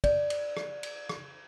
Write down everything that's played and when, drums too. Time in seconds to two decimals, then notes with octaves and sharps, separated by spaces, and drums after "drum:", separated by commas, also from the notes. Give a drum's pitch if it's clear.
0.04 D5, drum: kick, cymbal
0.30 drum: cymbal
0.57 drum: rim click
0.83 drum: cymbal
1.09 drum: rim click